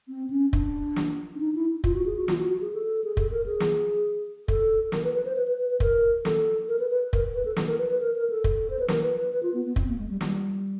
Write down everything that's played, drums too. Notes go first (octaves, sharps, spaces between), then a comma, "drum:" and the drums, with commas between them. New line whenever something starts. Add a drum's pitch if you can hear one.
C4
C#4
D4, drum: kick
drum: snare
D4
D#4
E4
F4, drum: kick
F#4
G#4
F#4
F4, drum: snare
F#4
F#4
G#4
A4
G#4
A4, drum: kick
A#4
G#4
drum: snare
A4, drum: kick
A#4, drum: snare
B4
B4
C5
B4
B4
B4
B4
A#4, drum: kick
A4, drum: snare
A#4
B4
B4
A#4, drum: kick
B4
A4
A4, drum: snare
A#4
B4
B4
A#4
A#4
A4
drum: kick
C5
B4
A#4, drum: snare
B4
B4
B4
F4
B3
B3
C4, drum: kick
A#3
G#3
G3
G3, drum: snare